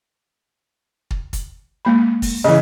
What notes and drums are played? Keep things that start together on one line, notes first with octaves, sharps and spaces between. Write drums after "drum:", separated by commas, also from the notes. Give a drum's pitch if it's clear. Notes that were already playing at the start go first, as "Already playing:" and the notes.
drum: kick
drum: kick, hi-hat
G#3 A#3 B5
drum: kick, open hi-hat
C#3 E3 D#5